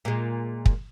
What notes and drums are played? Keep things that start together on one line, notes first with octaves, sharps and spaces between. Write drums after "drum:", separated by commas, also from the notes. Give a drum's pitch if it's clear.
A#2 G#3
drum: kick